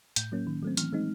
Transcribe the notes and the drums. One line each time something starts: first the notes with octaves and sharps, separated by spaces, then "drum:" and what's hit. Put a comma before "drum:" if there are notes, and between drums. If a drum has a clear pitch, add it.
A2 G6, drum: hi-hat
F#3 A#3 C#4
D#3
F#3 A3 C4
E3 F6, drum: hi-hat
G#3 C4 D#4